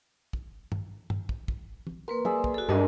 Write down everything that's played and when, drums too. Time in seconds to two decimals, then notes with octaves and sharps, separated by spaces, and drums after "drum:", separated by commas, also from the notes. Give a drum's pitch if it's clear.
0.33 drum: kick
0.72 drum: tom
1.10 drum: tom
1.29 drum: kick
1.48 drum: kick
1.87 drum: tom
2.08 A#3 A#4 B4 C6
2.25 G#4 D5 E5, drum: tom
2.44 drum: kick
2.54 F#4 A4
2.69 G2 D#4 A#4 D#5